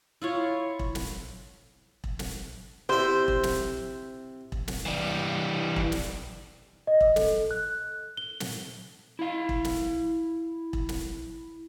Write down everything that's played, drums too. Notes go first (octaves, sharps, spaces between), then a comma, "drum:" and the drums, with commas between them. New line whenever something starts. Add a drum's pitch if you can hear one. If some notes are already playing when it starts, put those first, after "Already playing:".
E4 F4 C#5
drum: kick E1
drum: snare
drum: kick E1
drum: snare
C3 E4 C5
drum: kick E1
drum: snare
drum: kick E1
drum: snare
E3 G3
drum: kick E1
drum: snare
D#5
drum: kick E1
A4, drum: snare
F#6
G7
drum: snare
E4 F5
drum: kick E1
drum: snare
drum: kick E1
drum: snare